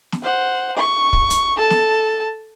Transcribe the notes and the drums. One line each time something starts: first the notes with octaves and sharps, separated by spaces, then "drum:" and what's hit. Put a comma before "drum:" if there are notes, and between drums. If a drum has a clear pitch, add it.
drum: snare
C5 F#5
C#6
drum: kick
drum: hi-hat
A4 A5
drum: snare